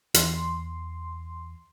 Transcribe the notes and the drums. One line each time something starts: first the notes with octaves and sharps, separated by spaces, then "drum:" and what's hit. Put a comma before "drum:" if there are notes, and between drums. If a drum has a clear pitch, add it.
E2 C6, drum: hi-hat